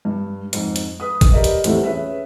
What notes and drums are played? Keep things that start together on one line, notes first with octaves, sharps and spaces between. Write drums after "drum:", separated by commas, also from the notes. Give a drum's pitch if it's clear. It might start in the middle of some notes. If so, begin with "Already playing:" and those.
G2
F2 G#2, drum: hi-hat
drum: hi-hat
B4 D#6
drum: kick, hi-hat
G4 A#4 B4 D5 D#5
drum: hi-hat
E2 A2 F3 G3 A3 C4, drum: hi-hat
C#4 G#4 B4 E5